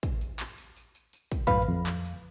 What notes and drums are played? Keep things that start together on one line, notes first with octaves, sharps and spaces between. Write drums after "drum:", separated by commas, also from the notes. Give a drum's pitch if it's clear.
drum: kick, tambourine
drum: tambourine
drum: clap
drum: tambourine
drum: tambourine
drum: tambourine
drum: tambourine
drum: kick, tambourine
F#2 A2 B4 F5 B5, drum: kick, tambourine
F2
drum: clap
drum: tambourine